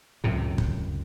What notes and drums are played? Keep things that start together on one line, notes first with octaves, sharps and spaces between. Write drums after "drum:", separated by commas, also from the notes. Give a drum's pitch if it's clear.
C#2 F#2 A2 C3
drum: kick